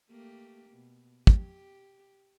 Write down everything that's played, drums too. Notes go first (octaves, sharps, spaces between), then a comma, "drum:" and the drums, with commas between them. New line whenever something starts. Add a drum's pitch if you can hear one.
A3 A#3 G4
B2
G4, drum: kick